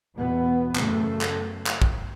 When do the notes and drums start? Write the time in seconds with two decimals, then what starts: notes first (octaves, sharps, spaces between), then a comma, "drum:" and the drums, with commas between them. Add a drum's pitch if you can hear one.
0.16 E2 B2 B3
0.76 F#2 C#3 A3, drum: clap
1.21 drum: clap
1.67 drum: clap
1.82 drum: kick